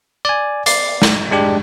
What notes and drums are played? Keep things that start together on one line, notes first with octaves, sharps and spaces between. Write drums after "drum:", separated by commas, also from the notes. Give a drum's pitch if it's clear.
D5 G#5
D5 C7, drum: hi-hat
drum: snare
G#3 D4 G4